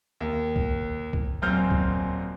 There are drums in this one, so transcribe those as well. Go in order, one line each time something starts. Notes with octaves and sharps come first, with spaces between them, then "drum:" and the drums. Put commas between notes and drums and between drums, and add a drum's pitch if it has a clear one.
D#2
drum: kick
drum: kick
D#1 F#2 C4 C5 F6 G6
drum: kick